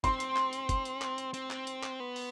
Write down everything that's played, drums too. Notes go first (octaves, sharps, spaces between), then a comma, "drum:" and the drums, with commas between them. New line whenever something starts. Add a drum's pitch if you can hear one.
C4 C6, drum: kick, hi-hat
drum: hi-hat
drum: clap
drum: hi-hat
drum: kick, hi-hat
drum: hi-hat
drum: clap
drum: hi-hat
C4, drum: hi-hat
drum: clap
drum: hi-hat
drum: clap
B3
drum: open hi-hat